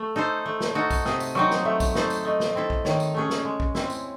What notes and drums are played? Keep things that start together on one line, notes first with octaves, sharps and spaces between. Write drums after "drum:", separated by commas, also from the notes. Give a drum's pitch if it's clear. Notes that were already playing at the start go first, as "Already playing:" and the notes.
Already playing: A3 E6
D#4 A4 C5
A3
drum: snare
D#4 F#4 A4
drum: kick A#1, tambourine
C3 D#6, drum: snare
drum: tambourine
F#3 C4 D#4 C#6
drum: snare
A3 E5
drum: kick A#1, tambourine
D#4 A4 C5, drum: snare
drum: tambourine
A3 D#5
drum: snare
C4 E4 A4
drum: kick A#1
D#3 C#5, drum: snare
drum: tambourine
A3 C#4 G#4
drum: snare
G#3
drum: kick A#1
C4 E4, drum: snare
drum: tambourine